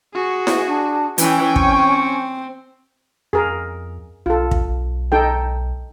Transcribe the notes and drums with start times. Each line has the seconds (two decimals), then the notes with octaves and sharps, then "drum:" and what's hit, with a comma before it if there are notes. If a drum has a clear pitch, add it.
0.14 F#4 G#4
0.47 drum: snare E4
0.67 D4
1.18 E3 C#4 G5 G#5, drum: hi-hat
1.56 C4 C#6, drum: kick
3.33 F2 G#4 A#4
4.26 B1 F4 A4
4.51 drum: kick
5.12 D#4 A4 G5